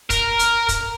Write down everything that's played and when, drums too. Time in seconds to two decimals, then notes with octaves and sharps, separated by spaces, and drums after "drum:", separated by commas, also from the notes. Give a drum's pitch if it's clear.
0.10 A#4, drum: kick, hi-hat
0.39 drum: hi-hat
0.68 drum: kick, hi-hat